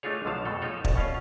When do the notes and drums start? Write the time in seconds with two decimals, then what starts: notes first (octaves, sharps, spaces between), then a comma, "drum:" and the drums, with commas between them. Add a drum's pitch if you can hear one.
0.03 A3 D4 D#4 F4 G#4 C#5
0.25 B1 D3 F3 F#3 F5 A5
0.45 F2 B2 G#3 A3 A4
0.62 F3 D#4 F4 A4 C#5
0.84 C2, drum: kick
0.96 B2 C#4 F4 F5